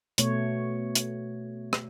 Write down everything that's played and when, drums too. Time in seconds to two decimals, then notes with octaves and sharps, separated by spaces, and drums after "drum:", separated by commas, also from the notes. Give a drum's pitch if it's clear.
0.18 B2 A3 C#5, drum: hi-hat
0.95 drum: hi-hat
1.73 drum: rim click